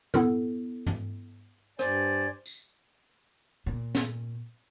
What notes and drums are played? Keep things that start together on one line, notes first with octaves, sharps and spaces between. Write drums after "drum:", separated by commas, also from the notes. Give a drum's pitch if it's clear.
B3 E4 A4, drum: tom
drum: tom G#2
G2 C5 D5 G#5, drum: rim click
drum: tambourine
A#2
drum: snare